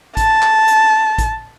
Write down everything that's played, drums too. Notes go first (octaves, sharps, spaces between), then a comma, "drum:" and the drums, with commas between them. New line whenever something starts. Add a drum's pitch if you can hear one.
A5, drum: kick A1, hi-hat
drum: clap
drum: hi-hat
drum: kick A1, hi-hat